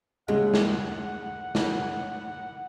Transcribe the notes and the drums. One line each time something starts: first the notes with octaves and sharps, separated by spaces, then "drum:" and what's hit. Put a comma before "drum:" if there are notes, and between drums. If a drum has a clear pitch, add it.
D#2 C#3 G3 G#3 F#5
drum: snare
drum: snare